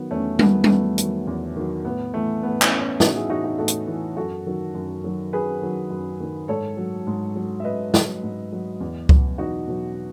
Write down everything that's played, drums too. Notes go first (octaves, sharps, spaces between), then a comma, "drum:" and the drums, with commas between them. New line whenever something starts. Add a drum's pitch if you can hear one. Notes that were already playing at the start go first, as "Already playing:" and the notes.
Already playing: D#3 F#3 B3
E2 A3 C#4
D#3 F#3 B3, drum: tom G3
B3, drum: tom G3
E2 A3
D#3 F#3, drum: hi-hat
E2
D#3 F#3
A2 B3
E3 A3
A2 B3
C#4 E4, drum: clap
E3
C#4 E4
A2 D#4 F#4, drum: snare
E4 G#4
E3 D#4 F#4
D#4 F#4
A2 F#4 A4
drum: hi-hat
E3
F#2 F#4 A4
D#3 F#3
F#2
D#3 F#3
F#2 G#4 B4
D#3 F#3
F#2
D#3 F#3
G#2 A4 C#5
F#3
G#2
F#3
E5
G#2 B4 D#5
F#3, drum: snare
G#2
F#3
E2
B2 F#3, drum: kick C#2
E2 D#4 F#4
B2 F#3